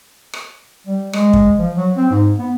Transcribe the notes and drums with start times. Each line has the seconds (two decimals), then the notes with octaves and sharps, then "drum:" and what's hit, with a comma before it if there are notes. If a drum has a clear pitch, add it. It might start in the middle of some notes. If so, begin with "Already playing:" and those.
0.33 drum: rim click
0.87 G3
1.13 G#3, drum: rim click
1.33 drum: kick
1.58 F3
1.76 F#3
1.97 C4
2.10 G#2
2.39 B3